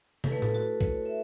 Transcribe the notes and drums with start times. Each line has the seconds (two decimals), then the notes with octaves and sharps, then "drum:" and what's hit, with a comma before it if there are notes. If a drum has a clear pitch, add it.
0.24 A4, drum: tom
0.29 A3 E4 B4
0.42 A4, drum: tom A2
0.55 F#4
0.81 C#5, drum: kick
1.05 E5